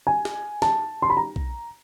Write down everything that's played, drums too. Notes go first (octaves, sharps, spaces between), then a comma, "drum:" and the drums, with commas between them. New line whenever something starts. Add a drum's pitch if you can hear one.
G#5
drum: snare
A5, drum: snare
C6
B5
A#5
drum: kick B1